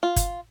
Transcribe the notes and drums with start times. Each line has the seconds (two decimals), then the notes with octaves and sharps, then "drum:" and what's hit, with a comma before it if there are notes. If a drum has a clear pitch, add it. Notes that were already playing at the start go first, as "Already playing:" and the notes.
0.03 F4
0.16 drum: kick G1, hi-hat